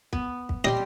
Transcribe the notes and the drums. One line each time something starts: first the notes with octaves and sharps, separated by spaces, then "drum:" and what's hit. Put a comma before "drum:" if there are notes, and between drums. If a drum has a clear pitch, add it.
B3, drum: kick
drum: kick
G3 G4 D#5 C6